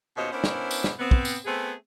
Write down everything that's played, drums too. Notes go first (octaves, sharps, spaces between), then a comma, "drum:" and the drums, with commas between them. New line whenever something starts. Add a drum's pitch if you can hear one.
D#2 B2 C#4 F4 C5 D#5
B3 C#4 D4 E4 A#4 C5
drum: snare
drum: tambourine
drum: snare
B3 C4
drum: kick
drum: tambourine
A3 B3 C4 G#4